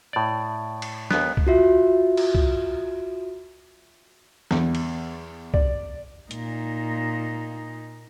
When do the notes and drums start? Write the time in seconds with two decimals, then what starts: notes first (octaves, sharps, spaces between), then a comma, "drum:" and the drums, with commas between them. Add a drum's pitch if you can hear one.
0.13 A2 D5
0.82 drum: cymbal
1.11 D#2 B3, drum: snare
1.37 drum: kick C2
1.47 F4 F#4 E5
2.17 drum: cymbal
2.35 drum: kick C2
4.51 E2, drum: snare
4.75 drum: cymbal
5.54 D5, drum: kick C2
6.31 A#2 D#4, drum: hi-hat